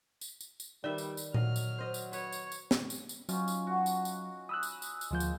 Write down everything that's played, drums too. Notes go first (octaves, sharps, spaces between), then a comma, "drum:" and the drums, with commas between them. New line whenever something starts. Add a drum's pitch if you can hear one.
drum: tambourine
drum: tambourine
drum: tambourine
D#3 G3 B4 D5 E5
drum: tambourine
drum: tambourine
F#3 D#5 F5 F6, drum: tom A#2
drum: tambourine
C5 D#5
drum: tambourine
B4 C#5, drum: tambourine
drum: tambourine
drum: tambourine
drum: snare
drum: tambourine
drum: tambourine
F#3 C#4 D#4 F4, drum: tambourine
drum: tambourine
F#4
drum: tambourine
drum: tambourine
B5 D#6 E6 F#6
drum: tambourine
drum: tambourine
drum: tambourine
D2 F3 G#3 A#3 G6
drum: tambourine